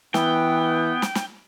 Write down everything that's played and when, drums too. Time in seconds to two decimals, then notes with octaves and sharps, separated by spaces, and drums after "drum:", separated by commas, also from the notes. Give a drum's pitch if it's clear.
0.14 E3 B3 G5, drum: snare
1.02 drum: snare
1.15 drum: snare